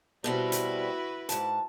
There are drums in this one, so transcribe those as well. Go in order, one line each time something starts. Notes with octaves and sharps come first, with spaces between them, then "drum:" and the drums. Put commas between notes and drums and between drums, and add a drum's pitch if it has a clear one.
B2 G3 C4 E4 F#4 B4
drum: hi-hat
G#2 A5, drum: hi-hat